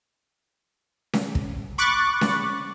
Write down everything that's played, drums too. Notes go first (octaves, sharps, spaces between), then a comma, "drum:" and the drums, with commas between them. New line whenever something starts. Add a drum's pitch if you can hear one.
drum: snare C#4
drum: kick
B5 C#6 D6 F#6 A6
drum: snare C#4